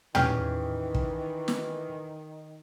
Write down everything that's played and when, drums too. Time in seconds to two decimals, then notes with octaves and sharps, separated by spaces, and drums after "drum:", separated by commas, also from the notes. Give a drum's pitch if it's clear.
0.15 D#3 E3 C#4 G4 G#4 G5 F6, drum: tom
0.95 drum: kick
1.48 drum: snare